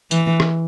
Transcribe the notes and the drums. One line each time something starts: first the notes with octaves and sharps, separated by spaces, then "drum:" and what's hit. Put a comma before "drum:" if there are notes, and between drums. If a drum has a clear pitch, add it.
E3, drum: tambourine
drum: rim click